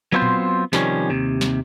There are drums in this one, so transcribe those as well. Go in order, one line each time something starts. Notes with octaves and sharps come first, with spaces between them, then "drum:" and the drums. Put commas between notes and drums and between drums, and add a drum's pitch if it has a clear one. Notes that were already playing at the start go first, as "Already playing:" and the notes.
F#3 B3 C4 F4 A#4 C5
drum: tom A#2
C3 D#3 F3 G3 C#4, drum: snare
D#2 C3
drum: snare